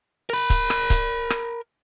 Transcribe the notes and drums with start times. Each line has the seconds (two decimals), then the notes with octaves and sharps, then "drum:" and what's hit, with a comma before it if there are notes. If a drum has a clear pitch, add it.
0.30 A#4 B5
0.50 drum: kick C#1, hi-hat
0.70 drum: rim click
0.90 drum: kick C#1, hi-hat
1.30 drum: rim click